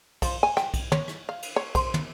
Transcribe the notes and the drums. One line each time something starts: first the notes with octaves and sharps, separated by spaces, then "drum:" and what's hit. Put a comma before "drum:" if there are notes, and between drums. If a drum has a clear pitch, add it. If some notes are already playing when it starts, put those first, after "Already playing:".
F3, drum: kick B1, cymbal
G#5
G5, drum: rim click
drum: kick B1, cymbal
C#5, drum: tom
drum: rim click
F5
drum: cymbal
C#5
C5, drum: kick B1, cymbal
drum: tom